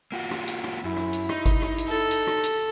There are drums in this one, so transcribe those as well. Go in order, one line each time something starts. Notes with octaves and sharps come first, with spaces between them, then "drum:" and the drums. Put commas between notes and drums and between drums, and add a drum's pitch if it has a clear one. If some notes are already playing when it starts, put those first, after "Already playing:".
A#3 F4 F#4
drum: rim click
drum: hi-hat
drum: rim click
F#2 E4
drum: rim click
drum: hi-hat
D#4, drum: rim click
drum: kick G#1, hi-hat
drum: rim click
drum: hi-hat
A4
drum: hi-hat
drum: rim click
drum: hi-hat